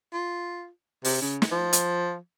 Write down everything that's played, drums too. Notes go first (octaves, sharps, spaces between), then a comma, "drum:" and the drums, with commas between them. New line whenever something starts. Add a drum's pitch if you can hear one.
F4
C3, drum: open hi-hat
C#3
drum: snare
F3
drum: hi-hat